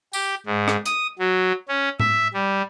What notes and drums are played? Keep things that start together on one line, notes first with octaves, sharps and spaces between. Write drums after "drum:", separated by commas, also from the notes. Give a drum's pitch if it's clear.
G4, drum: tambourine
G#2
drum: rim click
D#6, drum: hi-hat
F#3
C#4
E5, drum: tom A2
G3